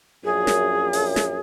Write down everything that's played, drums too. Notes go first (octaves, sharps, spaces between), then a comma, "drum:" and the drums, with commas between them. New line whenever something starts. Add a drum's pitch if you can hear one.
A#1 F#2 G#4
drum: snare
drum: open hi-hat
drum: snare